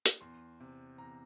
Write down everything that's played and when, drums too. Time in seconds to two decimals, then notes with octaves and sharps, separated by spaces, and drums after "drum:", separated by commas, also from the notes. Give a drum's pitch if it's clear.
0.06 drum: hi-hat
0.21 E2 C6
0.60 C3
0.98 E2 A#5